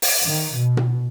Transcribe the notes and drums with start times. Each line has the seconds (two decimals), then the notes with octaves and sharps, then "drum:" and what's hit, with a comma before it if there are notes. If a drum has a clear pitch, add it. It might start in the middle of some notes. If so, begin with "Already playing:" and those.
0.02 drum: open hi-hat
0.25 D#3
0.57 B2
0.77 drum: tom A#2